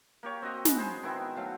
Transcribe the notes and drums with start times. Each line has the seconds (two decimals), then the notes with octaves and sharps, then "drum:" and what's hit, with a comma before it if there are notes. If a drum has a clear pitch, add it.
0.23 A#3 G4 C#5
0.42 C4 F#4 D#5
0.65 G#3 B5, drum: snare
0.78 G#4 C5
1.03 D#3 B3 C4 E4
1.36 F#3 A3 F5